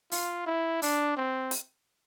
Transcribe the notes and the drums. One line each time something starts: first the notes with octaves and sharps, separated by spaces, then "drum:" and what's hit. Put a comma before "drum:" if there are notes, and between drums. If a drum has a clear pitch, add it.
F4, drum: open hi-hat
E4
D4, drum: open hi-hat
C4
drum: hi-hat